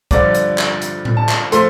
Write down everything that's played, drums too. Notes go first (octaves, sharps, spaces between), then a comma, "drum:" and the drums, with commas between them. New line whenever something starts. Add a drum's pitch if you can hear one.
G2 D3 F3 D5, drum: kick, hi-hat
drum: hi-hat
drum: clap
drum: hi-hat
drum: tom A2
A5
drum: clap
F3 A3 C6, drum: hi-hat